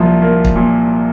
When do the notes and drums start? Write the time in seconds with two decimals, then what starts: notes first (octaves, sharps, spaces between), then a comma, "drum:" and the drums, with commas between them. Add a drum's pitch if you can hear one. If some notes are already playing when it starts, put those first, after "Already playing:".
Already playing: C2 A#2 F3
0.22 A#3
0.45 drum: kick
0.56 A#2